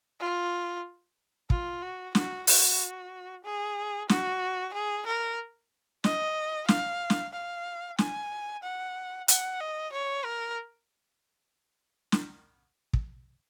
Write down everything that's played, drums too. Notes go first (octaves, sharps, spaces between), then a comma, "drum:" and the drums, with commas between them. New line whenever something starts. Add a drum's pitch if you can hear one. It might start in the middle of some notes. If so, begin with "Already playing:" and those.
F4
F4, drum: kick
F#4
F#4, drum: snare
F#4, drum: open hi-hat
G#4
F#4, drum: snare
G#4
A#4
D#5, drum: snare
F5, drum: snare
drum: snare
F5
G#5, drum: snare
F#5
F#5, drum: hi-hat
D#5
C#5
A#4
drum: snare
drum: kick